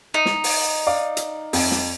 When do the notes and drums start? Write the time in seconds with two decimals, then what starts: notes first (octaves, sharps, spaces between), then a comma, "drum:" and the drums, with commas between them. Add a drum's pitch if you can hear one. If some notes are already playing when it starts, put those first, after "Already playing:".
0.14 D#4
0.26 drum: snare
0.44 drum: open hi-hat
0.87 D5 F5
1.17 drum: hi-hat
1.53 F2, drum: open hi-hat
1.71 drum: snare